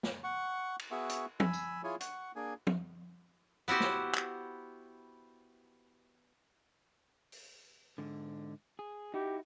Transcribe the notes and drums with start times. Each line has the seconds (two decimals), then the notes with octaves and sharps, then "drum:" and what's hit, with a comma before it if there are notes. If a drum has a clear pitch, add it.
0.03 drum: snare
0.24 F#5 C#6
0.79 drum: cymbal
0.91 B3 F#4 G#4 E5 C#6
1.09 drum: hi-hat
1.40 G#5 B5 E6, drum: tom F3
1.53 drum: tambourine
1.84 E4 F4 G#4 C#5 G#5
2.00 F#5 C#6, drum: hi-hat
2.36 A#3 D4 G#4 G#5
2.67 drum: tom F3
3.68 B3 E4 F#4 G4 C5
3.80 drum: snare
4.15 drum: clap
7.32 drum: open hi-hat
7.98 G#2 D3
8.79 G#4
9.14 D#4 E4 F#4 G4